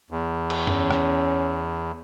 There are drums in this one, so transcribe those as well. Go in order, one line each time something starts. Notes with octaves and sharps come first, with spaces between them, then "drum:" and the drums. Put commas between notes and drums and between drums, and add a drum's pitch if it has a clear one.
E2
drum: cymbal
C#4, drum: tom F#2
drum: rim click